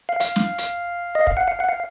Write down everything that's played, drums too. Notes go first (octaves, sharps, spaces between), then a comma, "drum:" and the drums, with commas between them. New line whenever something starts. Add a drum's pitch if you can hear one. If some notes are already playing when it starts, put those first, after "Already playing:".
F5
F5, drum: hi-hat
drum: snare
drum: hi-hat
D#5
F5, drum: kick
F#5
F5
F#5
F5